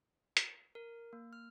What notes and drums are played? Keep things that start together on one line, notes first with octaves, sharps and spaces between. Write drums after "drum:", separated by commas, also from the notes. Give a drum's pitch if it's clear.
drum: hi-hat
A#4
A#3
F6